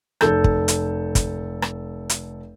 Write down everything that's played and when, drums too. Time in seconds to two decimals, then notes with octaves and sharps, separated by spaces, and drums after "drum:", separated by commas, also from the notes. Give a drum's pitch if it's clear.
0.21 F1 A4 G6, drum: rim click
0.44 drum: kick
0.68 drum: hi-hat
1.15 drum: kick, hi-hat
1.62 drum: rim click
2.10 drum: hi-hat